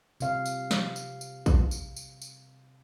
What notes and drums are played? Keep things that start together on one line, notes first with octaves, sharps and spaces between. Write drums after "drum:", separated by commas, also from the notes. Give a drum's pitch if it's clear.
C3 F5, drum: tambourine
drum: tambourine
drum: snare
drum: tambourine
drum: tambourine
drum: kick, tambourine
drum: tambourine
drum: tambourine
drum: tambourine